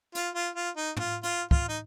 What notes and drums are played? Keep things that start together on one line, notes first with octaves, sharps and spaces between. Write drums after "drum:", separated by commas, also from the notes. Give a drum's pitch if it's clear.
F4, drum: hi-hat
F4
F4
D#4
F4, drum: tom
F4, drum: hi-hat
F4, drum: kick
D#4